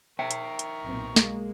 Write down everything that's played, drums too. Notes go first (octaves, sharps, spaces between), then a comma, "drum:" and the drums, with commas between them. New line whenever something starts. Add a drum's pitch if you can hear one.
D#3 A#4 E5 G5 C#6
drum: hi-hat
drum: hi-hat
B1 A#2 C4
G#3 A#3, drum: snare